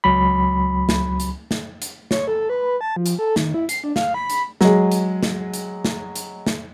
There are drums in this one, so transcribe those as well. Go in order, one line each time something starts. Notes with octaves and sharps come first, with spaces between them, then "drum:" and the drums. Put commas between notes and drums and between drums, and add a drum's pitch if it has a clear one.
C#2 F#3 B5
drum: snare
drum: hi-hat
drum: snare
drum: hi-hat
C#5, drum: snare
A4
B4
A5
F3
drum: hi-hat
A4
D#3, drum: snare
E4
C7, drum: hi-hat
D4
F5, drum: snare
B5
drum: hi-hat
F#3 G#3, drum: snare
drum: hi-hat
drum: snare
drum: hi-hat
drum: snare
drum: hi-hat
drum: snare